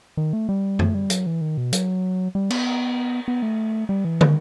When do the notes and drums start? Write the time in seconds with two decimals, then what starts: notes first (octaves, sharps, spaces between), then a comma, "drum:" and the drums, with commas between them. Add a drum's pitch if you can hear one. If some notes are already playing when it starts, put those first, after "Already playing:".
0.17 D#3
0.33 A3
0.49 G3
0.79 A3, drum: tom F#2
0.94 G3
1.10 F#3, drum: hi-hat
1.26 E3
1.41 D#3
1.57 B2
1.73 F#3, drum: hi-hat
2.35 G3
2.50 B3, drum: cymbal
3.28 B3
3.42 A3
3.89 G3
4.05 E3
4.21 D#3, drum: tom